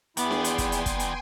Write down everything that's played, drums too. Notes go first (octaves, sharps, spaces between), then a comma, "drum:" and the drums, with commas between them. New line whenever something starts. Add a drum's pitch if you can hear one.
E2 D#3 B3 E4 D5 G5 G#5 C6, drum: hi-hat
drum: snare D4
drum: hi-hat
drum: kick, hi-hat
drum: hi-hat
drum: kick, hi-hat
drum: hi-hat